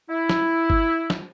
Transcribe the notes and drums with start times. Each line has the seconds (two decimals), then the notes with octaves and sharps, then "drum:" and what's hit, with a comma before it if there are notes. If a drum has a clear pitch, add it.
0.09 E4
0.29 drum: snare
0.70 drum: kick G1
1.10 drum: snare